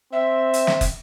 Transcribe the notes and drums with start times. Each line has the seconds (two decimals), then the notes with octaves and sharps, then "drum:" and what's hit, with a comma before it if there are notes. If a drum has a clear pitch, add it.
0.13 C4 E5
0.54 drum: hi-hat
0.67 drum: snare
0.81 drum: kick, hi-hat